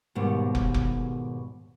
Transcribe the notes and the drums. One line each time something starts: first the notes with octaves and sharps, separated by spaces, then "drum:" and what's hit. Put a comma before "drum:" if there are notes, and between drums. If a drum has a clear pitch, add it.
D#2 G#2 B2 G3
drum: kick
drum: kick